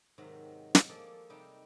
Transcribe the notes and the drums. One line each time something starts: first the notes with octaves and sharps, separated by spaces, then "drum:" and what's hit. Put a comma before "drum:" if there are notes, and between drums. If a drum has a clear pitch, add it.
G#2 C3 D#3 F#3
drum: snare
F3 A#3 G#4 A4 D5
C3 G3 D#4 G5